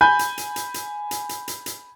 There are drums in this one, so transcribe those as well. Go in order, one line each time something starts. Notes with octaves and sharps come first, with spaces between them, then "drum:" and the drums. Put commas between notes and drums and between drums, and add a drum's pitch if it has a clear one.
G#5 B5 G6
drum: hi-hat
drum: hi-hat
drum: hi-hat
drum: hi-hat
drum: hi-hat
drum: hi-hat
drum: hi-hat
drum: hi-hat